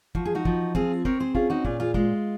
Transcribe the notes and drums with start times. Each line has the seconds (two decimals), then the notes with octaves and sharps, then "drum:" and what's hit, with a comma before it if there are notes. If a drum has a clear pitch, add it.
0.15 F3 F#4, drum: kick
0.25 G#4
0.35 D#4 F#4
0.45 F3, drum: kick
0.75 C4 F4 G#4, drum: kick
1.05 C4 A#4 C#5, drum: kick
1.20 G#4 C5
1.35 C#4 F4 G#4, drum: kick
1.50 D#4 F#4
1.65 A#2 F4 G#4, drum: kick
1.80 F4 G#4
1.94 G#3 F4, drum: kick